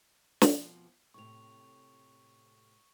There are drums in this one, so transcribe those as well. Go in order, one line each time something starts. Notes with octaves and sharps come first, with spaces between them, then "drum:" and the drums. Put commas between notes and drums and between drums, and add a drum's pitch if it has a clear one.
F2 B2 F3, drum: snare
A2 C3 C#6 F7